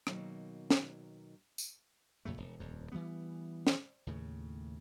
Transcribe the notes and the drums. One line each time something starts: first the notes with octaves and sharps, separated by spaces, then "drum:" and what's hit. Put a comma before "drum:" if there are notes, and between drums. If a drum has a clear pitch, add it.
B2 D#3 F#3 G3 A#3, drum: rim click
drum: snare
drum: tambourine
F2 A#2 C#3 A3
E1
D#1 F2
E3 F#3 G3 B3
drum: snare
D#2 A2 C#3